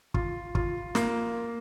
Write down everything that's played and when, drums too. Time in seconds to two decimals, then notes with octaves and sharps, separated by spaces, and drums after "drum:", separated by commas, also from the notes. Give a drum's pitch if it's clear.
0.14 F4, drum: kick
0.55 F4, drum: kick
0.95 A#3, drum: snare